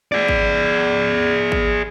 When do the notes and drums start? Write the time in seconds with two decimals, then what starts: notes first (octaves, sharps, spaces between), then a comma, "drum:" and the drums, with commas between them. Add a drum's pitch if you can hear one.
0.12 G#4 D5, drum: tom
0.28 drum: kick G#1
1.52 drum: kick G#1